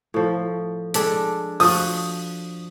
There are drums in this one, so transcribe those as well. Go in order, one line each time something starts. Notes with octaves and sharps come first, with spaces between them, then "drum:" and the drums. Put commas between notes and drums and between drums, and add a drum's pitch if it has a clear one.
A2 F3
G#3 D4 A4, drum: hi-hat
F3 F#4 D#6, drum: open hi-hat